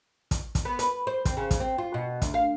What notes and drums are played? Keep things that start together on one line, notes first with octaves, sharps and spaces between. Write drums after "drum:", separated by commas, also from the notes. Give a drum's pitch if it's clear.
drum: kick, hi-hat
drum: kick, hi-hat
B3
B4, drum: hi-hat
C5
C4, drum: kick, hi-hat
C#3
drum: kick, hi-hat
C4
F4
B2
D2, drum: kick, hi-hat
F5